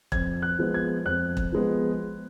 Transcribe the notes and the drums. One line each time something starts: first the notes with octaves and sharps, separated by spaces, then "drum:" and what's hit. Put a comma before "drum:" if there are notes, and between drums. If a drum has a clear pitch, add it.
F2 G#6, drum: kick E1
F#6
F3 G#3 B3
G#6
F2 F#6
drum: kick E1
F3 G#3 B3